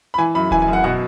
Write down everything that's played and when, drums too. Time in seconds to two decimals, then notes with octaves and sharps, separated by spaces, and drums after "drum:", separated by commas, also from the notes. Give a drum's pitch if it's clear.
0.14 B5
0.18 E3 G#5
0.35 F#2 B5
0.51 E3 G#5, drum: kick D#1
0.62 G#5
0.68 F#2
0.73 F#5
0.84 B2 F#5